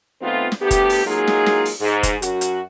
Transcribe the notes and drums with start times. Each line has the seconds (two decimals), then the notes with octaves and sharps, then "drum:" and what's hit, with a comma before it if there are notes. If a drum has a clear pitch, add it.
0.21 D#3 A3 B3 C4 F4
0.52 drum: snare
0.62 D2 A3 B3 G4
0.71 drum: kick F1, hi-hat
0.90 drum: open hi-hat
1.06 F#3 G#3 A#3 D#4 F4 G#4
1.27 drum: snare
1.46 drum: snare
1.65 drum: open hi-hat
1.81 G#2
2.03 drum: kick F1, hi-hat
2.22 F#2 F#4, drum: hi-hat
2.41 drum: hi-hat